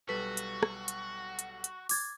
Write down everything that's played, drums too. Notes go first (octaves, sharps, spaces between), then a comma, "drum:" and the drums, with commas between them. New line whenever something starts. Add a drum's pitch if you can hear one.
B1 G3 F#4 A4 B4 B6
drum: hi-hat
drum: rim click
drum: hi-hat
drum: hi-hat
drum: hi-hat
D6 G#6 A6, drum: open hi-hat